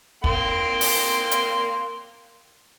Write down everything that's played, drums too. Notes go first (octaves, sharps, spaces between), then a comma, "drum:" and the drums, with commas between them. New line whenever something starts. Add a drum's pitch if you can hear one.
A#3 G5 C6, drum: kick
drum: open hi-hat
drum: hi-hat